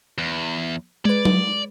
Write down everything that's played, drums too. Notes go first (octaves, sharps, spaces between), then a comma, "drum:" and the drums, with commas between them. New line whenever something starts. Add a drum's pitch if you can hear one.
E2
G#3 B4 D5
drum: tom F#3